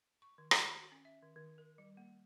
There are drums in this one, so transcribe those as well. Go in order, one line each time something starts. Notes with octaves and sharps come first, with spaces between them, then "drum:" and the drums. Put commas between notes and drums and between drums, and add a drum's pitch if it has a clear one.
C#6
D#3
F#5, drum: rim click
F#4
C#4
E5
D#3
D#3
A#4
G3
A#3